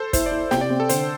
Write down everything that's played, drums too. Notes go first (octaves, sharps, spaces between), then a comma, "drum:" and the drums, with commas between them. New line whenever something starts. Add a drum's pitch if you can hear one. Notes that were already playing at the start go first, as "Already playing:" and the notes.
Already playing: A4 C5
E4 C5, drum: kick, hi-hat
D5
E4
C3 G5, drum: snare
D5
C4
A4
D3 C5, drum: hi-hat